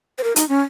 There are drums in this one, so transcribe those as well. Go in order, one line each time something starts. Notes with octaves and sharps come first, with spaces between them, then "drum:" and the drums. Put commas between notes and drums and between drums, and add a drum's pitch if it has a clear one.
C5
A#4
D#4, drum: hi-hat
C#4